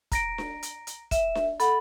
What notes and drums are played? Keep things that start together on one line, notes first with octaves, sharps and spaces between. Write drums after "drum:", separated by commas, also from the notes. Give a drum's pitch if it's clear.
A#5 A#6 D7, drum: kick, hi-hat
drum: snare D4
drum: hi-hat
drum: hi-hat
E5, drum: kick, hi-hat
drum: snare D4
A4 F#5 B5, drum: hi-hat